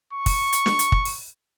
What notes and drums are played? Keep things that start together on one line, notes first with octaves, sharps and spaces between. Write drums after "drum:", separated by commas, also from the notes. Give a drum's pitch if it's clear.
C#6
drum: kick, open hi-hat
drum: hi-hat
drum: snare
drum: hi-hat
drum: kick
drum: open hi-hat